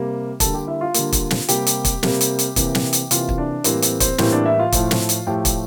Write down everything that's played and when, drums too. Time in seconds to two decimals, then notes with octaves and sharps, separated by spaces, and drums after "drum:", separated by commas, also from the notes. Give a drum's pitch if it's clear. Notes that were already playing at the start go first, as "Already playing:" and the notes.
Already playing: C3 G3 A#3
0.40 D3 G3 A#3 A4 A5, drum: kick, hi-hat
0.54 G4 G5
0.67 E4 E5
0.81 F4 F5
0.94 D3 G3 A#3, drum: hi-hat
1.12 drum: kick, hi-hat
1.31 drum: snare
1.49 C3 G3 A#3 G4 G5, drum: hi-hat
1.67 drum: hi-hat
1.85 drum: kick, hi-hat
2.03 C3 G3 A#3, drum: snare
2.21 drum: hi-hat
2.39 drum: hi-hat
2.56 C3 E3 A#3, drum: kick, hi-hat
2.75 drum: snare
2.93 drum: hi-hat
3.11 C3 E3 A#3 F4 F5, drum: hi-hat
3.29 drum: kick
3.38 D4 D5
3.64 A2 E3 G3 A#3 C4 C5, drum: hi-hat
3.82 C4 C5, drum: hi-hat
4.00 C4 C5, drum: kick, hi-hat
4.18 A2 E3 G3 A#3 C4 C5, drum: snare
4.32 D4 D5
4.45 E4 E5
4.59 F4 F5
4.72 A2 F3 A3, drum: kick, hi-hat
4.91 drum: snare
5.09 drum: hi-hat
5.27 A2 F3 A3 G4 G5
5.45 drum: kick, hi-hat